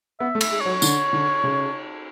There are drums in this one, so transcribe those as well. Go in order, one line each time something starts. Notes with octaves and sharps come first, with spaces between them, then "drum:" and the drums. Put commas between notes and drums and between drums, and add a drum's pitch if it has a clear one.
B3 E5
A3
E5, drum: cymbal
G#3
F#3 C#5
D3, drum: tambourine
D3
C#3